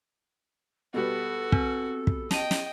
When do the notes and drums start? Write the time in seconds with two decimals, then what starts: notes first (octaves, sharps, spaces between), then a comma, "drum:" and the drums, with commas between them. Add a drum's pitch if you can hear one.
0.94 B2 G3 B3 F#4 A4
1.52 C4, drum: kick
2.07 drum: kick
2.31 D#5 G5 A5 D#7, drum: snare
2.51 drum: snare